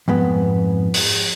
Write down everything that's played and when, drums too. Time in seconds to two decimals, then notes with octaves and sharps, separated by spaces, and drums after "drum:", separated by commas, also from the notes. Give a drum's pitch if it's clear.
0.08 F2 G#2 B3
0.94 drum: open hi-hat